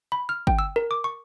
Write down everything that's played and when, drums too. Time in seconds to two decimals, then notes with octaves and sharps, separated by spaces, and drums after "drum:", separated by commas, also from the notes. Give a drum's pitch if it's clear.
0.12 B5
0.29 F6
0.47 G5, drum: kick
0.59 E6
0.76 A#4
0.91 D6
1.04 C#6